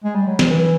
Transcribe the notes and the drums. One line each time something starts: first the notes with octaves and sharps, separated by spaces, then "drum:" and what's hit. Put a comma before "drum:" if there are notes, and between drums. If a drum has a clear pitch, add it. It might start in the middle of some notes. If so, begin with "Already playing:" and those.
G#3
G3
F#3
F3, drum: snare
E3